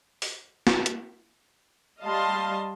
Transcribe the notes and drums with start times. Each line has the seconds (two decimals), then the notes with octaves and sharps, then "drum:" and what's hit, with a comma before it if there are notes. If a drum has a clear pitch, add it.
0.22 drum: open hi-hat
0.67 drum: snare
0.86 drum: hi-hat
2.03 G3 D#5 F5 A5 C6